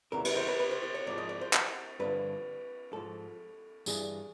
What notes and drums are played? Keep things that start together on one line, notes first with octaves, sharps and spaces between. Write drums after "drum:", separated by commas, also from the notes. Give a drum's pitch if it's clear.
E2 C#3 E3 G3 A#4
B4, drum: cymbal
C5
B4
B4
C5
C5
C#5
G#2 F3 D5
D#5
D5
C5
drum: clap
G2 D3 F3 B4
G#2 F3 A4
G2 E3 G3 G#4, drum: tambourine